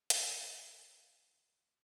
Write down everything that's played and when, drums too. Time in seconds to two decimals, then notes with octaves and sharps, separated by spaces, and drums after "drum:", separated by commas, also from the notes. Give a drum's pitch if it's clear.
0.10 C4 F#4 C5, drum: hi-hat